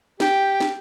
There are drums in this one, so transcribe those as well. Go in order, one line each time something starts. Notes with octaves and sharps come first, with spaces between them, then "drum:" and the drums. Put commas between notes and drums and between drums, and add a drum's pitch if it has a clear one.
G4 G5, drum: snare
drum: snare